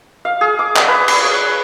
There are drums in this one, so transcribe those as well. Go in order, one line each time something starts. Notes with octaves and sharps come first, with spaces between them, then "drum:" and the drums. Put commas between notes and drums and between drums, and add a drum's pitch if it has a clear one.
F5
G#4
D6
drum: clap
B4
drum: cymbal
C#5